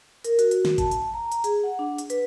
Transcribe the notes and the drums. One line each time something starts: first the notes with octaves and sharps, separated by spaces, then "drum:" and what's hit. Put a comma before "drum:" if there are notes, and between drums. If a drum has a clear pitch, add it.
A#4, drum: hi-hat
F#4, drum: hi-hat
drum: hi-hat
drum: snare
A5, drum: kick G1, hi-hat
drum: hi-hat
A#5
drum: hi-hat
G#4, drum: hi-hat
F#5
D4
drum: hi-hat
B4, drum: hi-hat